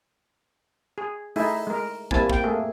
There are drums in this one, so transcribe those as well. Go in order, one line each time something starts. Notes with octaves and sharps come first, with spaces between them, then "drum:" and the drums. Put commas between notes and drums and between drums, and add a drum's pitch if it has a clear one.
G#4
A3 D#4 E4 G#4 E5, drum: open hi-hat
G#3 A#4
G3 A#3 C4 E4 G#5 A5, drum: kick
A#3 G5, drum: kick
A3 A#3 G#4